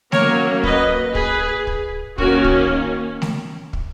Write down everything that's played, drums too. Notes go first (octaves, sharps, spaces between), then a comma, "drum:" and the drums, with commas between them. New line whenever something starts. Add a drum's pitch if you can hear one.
F#3 A#3 C#4 A#4 C#5, drum: snare A3
B4 D#5, drum: kick
G#4 B4, drum: kick
drum: kick
D#3 A#3 C#4 F#4 A#4, drum: kick
drum: kick
drum: snare A3
drum: kick